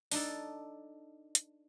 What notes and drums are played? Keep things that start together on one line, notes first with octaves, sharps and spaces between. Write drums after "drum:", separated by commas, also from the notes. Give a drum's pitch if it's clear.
D4 D#4 A4, drum: open hi-hat
drum: hi-hat